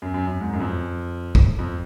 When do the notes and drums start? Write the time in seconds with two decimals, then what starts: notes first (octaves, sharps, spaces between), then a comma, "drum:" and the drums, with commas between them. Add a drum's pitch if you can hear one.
0.02 F#2
0.14 F#2
0.27 F#2
0.41 G#2
0.53 F#2
0.60 F2
1.35 drum: kick
1.59 F2